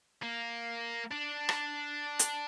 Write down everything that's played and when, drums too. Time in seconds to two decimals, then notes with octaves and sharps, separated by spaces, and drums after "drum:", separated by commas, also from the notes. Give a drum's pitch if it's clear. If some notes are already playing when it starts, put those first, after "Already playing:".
0.23 A#3
1.11 D4
1.49 drum: rim click
2.19 drum: hi-hat